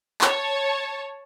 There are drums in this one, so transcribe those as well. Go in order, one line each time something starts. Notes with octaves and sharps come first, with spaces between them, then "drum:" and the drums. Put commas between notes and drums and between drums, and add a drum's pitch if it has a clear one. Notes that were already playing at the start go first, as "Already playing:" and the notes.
C#5 A5, drum: clap